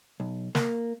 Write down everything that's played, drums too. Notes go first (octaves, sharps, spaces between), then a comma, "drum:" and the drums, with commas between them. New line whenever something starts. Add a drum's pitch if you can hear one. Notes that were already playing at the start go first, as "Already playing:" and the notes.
B1
A#3, drum: snare